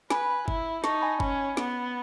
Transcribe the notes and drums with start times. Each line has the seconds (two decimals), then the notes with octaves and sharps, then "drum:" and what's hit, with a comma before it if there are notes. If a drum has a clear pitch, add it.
0.10 B4 G#5 B5, drum: snare
0.48 E4, drum: kick
0.84 D#4 A5 C#6, drum: snare
1.02 G#5 B5
1.20 C#4 G#5 B5, drum: kick
1.57 B3, drum: snare